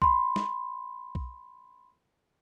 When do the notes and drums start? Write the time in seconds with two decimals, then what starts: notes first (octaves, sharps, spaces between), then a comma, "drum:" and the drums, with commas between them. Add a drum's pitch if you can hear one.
0.02 B5 C6, drum: kick B1
0.36 drum: snare
1.15 drum: kick B1